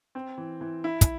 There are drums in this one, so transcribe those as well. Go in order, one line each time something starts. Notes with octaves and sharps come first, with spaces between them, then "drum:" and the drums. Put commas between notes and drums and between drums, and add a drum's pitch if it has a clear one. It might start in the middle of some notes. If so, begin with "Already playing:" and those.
C4
E3
E3
E4
drum: kick, hi-hat